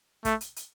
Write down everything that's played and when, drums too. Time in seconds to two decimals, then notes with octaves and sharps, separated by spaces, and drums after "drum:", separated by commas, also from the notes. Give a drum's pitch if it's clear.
0.25 A3, drum: kick, hi-hat
0.41 drum: hi-hat
0.56 drum: hi-hat